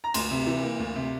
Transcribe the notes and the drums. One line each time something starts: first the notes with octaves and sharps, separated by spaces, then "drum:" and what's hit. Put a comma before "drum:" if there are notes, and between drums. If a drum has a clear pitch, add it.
A#5
D2 C6, drum: cymbal
C3
E3
A#3
D2
C3